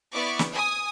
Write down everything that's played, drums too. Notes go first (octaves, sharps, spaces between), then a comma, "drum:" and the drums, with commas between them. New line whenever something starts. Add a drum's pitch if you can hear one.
B3 E4 D5 C#6 D6
drum: snare
G#5 D#6